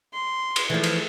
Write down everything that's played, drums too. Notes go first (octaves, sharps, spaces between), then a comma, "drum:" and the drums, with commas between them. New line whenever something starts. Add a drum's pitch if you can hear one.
C6
drum: cymbal
E3 F3 A3
drum: cymbal